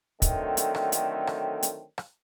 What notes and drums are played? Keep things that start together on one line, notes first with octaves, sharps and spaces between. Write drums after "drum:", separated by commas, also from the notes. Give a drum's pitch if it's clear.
D3 D#3 F#3 A3 C4, drum: kick, hi-hat
drum: hi-hat
drum: rim click
drum: hi-hat
drum: rim click
drum: hi-hat
drum: rim click